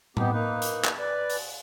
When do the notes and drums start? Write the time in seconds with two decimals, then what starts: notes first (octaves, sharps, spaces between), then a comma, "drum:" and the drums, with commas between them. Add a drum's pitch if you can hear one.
0.17 B3 D#4 G4, drum: tom A2
0.31 A#3 D#4 B4
0.62 drum: hi-hat
0.84 drum: clap
0.99 B4 D5
1.30 drum: open hi-hat